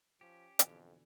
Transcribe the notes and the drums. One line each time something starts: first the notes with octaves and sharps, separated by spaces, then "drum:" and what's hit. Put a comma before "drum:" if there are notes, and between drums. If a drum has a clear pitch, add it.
F3 C#4 G4
F2 B2 D3 E3, drum: hi-hat